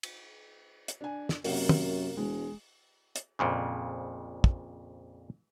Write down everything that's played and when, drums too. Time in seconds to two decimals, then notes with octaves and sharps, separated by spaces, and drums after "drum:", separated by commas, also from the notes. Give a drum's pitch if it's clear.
0.03 drum: cymbal
0.88 drum: hi-hat
1.01 D4 G#5
1.29 drum: snare
1.44 F#2 C3 A#3, drum: open hi-hat
1.69 drum: tom
2.17 E1 G#3
3.16 drum: hi-hat
3.39 A#1 F2 A#2 C#3
4.44 drum: kick